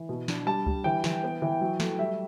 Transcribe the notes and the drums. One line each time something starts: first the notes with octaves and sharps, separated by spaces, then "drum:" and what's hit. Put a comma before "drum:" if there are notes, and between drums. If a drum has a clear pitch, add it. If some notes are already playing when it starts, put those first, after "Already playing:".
Already playing: E3
B2
D4, drum: snare
G3 A5
G3, drum: kick C#2
E3 G5
E3, drum: snare
B3
E3
F#3
A3, drum: snare
G3 E5